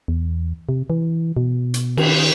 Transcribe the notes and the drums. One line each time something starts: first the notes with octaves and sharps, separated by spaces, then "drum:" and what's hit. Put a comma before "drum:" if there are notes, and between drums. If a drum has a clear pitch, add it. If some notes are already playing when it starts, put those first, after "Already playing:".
E2
C3
E3
B2
drum: hi-hat
D#3, drum: cymbal